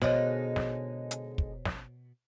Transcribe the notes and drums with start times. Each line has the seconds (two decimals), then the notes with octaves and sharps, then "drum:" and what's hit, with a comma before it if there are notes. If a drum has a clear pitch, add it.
0.02 B2 D3 G#3 D#4 C5 C#5, drum: snare
0.56 drum: snare
1.11 drum: hi-hat
1.38 drum: kick
1.65 drum: snare